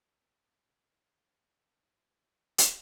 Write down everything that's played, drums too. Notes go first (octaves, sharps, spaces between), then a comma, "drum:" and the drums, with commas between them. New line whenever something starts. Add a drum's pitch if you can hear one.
D2 C4
drum: hi-hat